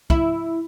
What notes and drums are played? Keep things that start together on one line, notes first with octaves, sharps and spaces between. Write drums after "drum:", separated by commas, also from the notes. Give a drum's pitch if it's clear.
E4, drum: kick